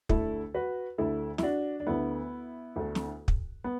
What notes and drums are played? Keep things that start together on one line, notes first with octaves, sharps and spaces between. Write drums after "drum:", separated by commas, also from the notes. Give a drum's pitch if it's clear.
D2 D3 A3 E4 A4, drum: kick
F#4 B4
D2 D3 A3 E4 A4
E4, drum: snare
D4 F#4
D4
D2 D3 A3 B3 E4
D2 D3 A3
drum: snare
drum: kick
B3